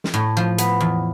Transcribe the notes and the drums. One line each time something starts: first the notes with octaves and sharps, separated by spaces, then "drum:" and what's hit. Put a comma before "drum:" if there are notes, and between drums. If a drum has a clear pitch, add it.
drum: snare
A2
F3
B3, drum: hi-hat
E2